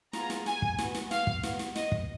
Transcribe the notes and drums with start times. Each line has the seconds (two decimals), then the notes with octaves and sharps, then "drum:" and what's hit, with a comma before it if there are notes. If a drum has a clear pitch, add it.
0.13 B3 F4 G#4 A#5, drum: snare
0.30 drum: snare
0.46 G#5, drum: snare
0.62 drum: kick
0.78 B3 F#4, drum: snare
0.95 drum: snare
1.11 F5, drum: snare
1.27 drum: kick
1.43 B3 F#4, drum: snare
1.59 drum: snare
1.76 D#5, drum: snare
1.92 drum: kick